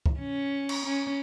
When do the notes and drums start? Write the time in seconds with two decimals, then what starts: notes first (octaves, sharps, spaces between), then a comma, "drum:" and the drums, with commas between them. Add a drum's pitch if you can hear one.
0.06 drum: kick
0.19 C#4
0.69 drum: cymbal
0.85 C#4